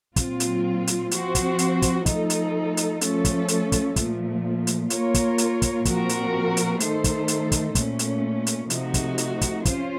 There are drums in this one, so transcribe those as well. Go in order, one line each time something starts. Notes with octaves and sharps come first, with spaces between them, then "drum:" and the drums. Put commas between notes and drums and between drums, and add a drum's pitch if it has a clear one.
A#2 F#3 C4 F4, drum: kick, hi-hat
drum: hi-hat
drum: hi-hat
F3 C4 F#4 C5, drum: hi-hat
drum: kick, hi-hat
drum: hi-hat
drum: kick, hi-hat
F3 A3 D#4 A4, drum: kick, hi-hat
drum: hi-hat
drum: hi-hat
F3 A3 C#4 A4, drum: hi-hat
drum: kick, hi-hat
drum: hi-hat
drum: kick, hi-hat
A#2 F3 A3, drum: kick, hi-hat
drum: hi-hat
A#3 F4 A#4 C#5, drum: hi-hat
drum: kick, hi-hat
drum: hi-hat
drum: kick, hi-hat
A#2 F3 C4 F#4 A#4, drum: kick, hi-hat
drum: hi-hat
drum: hi-hat
D#3 A3 D#4 A4 C5, drum: hi-hat
drum: kick, hi-hat
drum: hi-hat
drum: kick, hi-hat
A#2 A3 C#4, drum: kick, hi-hat
drum: hi-hat
drum: hi-hat
C3 F3 A3 D#4 F#4, drum: hi-hat
drum: kick, hi-hat
drum: hi-hat
drum: kick, hi-hat
C#4 F4 C5, drum: kick, hi-hat